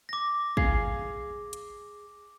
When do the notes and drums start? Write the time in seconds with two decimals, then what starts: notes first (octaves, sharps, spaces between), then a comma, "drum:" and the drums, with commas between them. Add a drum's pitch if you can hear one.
0.09 D6 A#6
0.57 G#4 F5, drum: kick
1.53 drum: hi-hat